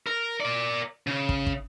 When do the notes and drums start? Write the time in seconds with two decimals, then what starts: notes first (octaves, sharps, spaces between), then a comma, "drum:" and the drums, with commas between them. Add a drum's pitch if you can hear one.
0.07 A#4
0.40 A#4 D5
1.07 C#3
1.29 drum: kick
1.46 drum: kick